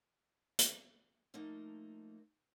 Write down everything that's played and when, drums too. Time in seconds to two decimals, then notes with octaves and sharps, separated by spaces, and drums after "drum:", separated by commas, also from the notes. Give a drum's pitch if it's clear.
0.59 drum: hi-hat
1.34 F3 A3 A#3 D#4